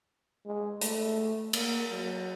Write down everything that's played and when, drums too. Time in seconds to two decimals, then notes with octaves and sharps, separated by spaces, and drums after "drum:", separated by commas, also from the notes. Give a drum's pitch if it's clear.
0.46 G#3
0.81 A3, drum: hi-hat
1.53 A#3, drum: cymbal
1.90 F#3